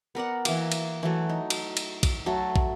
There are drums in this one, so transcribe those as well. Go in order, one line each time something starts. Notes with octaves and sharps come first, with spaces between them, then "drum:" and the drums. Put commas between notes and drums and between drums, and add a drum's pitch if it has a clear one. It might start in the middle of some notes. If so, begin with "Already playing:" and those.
B3 A#4 D5 F#5
E3 A#3, drum: cymbal
drum: cymbal
E3 F#3 A3
D#4
drum: cymbal
drum: cymbal
drum: kick, cymbal
F#3 A3 A4
drum: kick